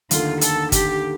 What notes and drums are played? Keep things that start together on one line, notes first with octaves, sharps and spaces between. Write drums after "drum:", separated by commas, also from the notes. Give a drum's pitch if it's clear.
D#2 D3 A3 F4, drum: hi-hat
A4, drum: hi-hat
G4, drum: kick, hi-hat